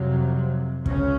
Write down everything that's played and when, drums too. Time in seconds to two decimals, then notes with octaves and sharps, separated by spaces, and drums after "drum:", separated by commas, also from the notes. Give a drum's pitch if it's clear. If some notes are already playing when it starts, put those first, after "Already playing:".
Already playing: F2 C3 F#3
0.86 C#2 C#3 C#4, drum: kick